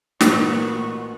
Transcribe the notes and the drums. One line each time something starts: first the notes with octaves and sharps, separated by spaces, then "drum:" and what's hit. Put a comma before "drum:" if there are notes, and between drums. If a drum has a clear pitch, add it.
A1 A#2 B3 F#4 A#4, drum: snare